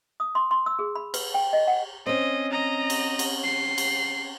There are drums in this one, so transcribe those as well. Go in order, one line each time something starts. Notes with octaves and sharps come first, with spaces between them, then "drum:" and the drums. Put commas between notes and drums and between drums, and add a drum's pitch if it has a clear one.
D#6
C6
C6
E6
G#4
B5
B4, drum: cymbal
G5
D#5
F#5
C4 C#4 D#5
D#5 A#5
drum: cymbal
drum: cymbal
C7
drum: cymbal